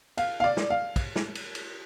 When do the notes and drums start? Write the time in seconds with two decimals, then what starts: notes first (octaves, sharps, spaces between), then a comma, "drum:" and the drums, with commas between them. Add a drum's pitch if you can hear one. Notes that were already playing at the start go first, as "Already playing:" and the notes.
0.17 F5, drum: cymbal
0.40 F5
0.44 D5
0.57 drum: snare
0.70 F5
0.96 drum: kick, cymbal
1.16 drum: snare
1.35 drum: cymbal
1.55 drum: cymbal